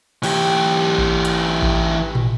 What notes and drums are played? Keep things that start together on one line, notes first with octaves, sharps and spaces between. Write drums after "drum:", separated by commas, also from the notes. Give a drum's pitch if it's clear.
E3 G4, drum: cymbal
drum: kick A1
drum: hi-hat
drum: kick A1
drum: tom